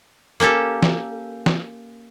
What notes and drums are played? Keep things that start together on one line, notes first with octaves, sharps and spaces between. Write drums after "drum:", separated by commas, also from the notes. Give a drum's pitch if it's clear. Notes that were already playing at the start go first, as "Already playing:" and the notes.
A#3 C#4 G4 A4
drum: snare
drum: snare